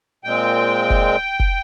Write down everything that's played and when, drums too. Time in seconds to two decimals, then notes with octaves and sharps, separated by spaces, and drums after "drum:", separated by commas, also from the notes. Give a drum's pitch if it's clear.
0.24 A#2 G#3 C4 G5
0.90 drum: kick F1
1.40 drum: kick F1